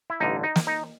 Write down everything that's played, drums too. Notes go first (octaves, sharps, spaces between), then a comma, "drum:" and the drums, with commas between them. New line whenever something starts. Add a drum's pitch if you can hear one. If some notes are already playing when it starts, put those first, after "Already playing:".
E4
A1 G2 D3 D#4
D#4
drum: snare
D#4